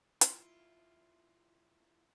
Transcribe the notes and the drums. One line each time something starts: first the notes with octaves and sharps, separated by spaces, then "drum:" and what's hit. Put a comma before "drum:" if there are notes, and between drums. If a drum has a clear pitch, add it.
E4 F4, drum: hi-hat